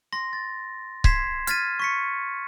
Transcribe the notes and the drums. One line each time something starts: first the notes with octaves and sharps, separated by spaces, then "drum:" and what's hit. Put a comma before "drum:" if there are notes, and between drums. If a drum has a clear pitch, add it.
C6 A#6
A6
C6 G#6 B6 C7 E7, drum: kick C#1
F6 G#6 A6 B6 D#7, drum: hi-hat
C#6 B6 C#7